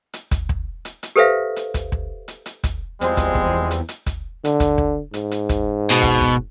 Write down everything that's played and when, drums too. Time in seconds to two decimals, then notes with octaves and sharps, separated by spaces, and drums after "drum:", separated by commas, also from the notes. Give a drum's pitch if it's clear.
0.13 drum: hi-hat
0.31 drum: kick, hi-hat
0.49 drum: kick
0.85 drum: hi-hat
1.03 drum: hi-hat
1.16 G4 A4 B4 C5 E5 F5
1.56 drum: hi-hat
1.74 drum: kick, hi-hat
1.92 drum: kick
2.28 drum: hi-hat
2.46 drum: hi-hat
2.64 drum: kick, hi-hat
3.01 E2 F3 G3 G#3 C4 C5, drum: hi-hat
3.17 drum: kick, hi-hat
3.35 drum: kick
3.71 drum: hi-hat
3.89 drum: hi-hat
4.06 drum: kick, hi-hat
4.45 D3, drum: hi-hat
4.60 drum: kick, hi-hat
4.78 drum: kick
5.14 G#2, drum: hi-hat
5.31 drum: hi-hat
5.49 drum: kick, hi-hat
5.91 B2
6.03 drum: kick, hi-hat
6.21 drum: kick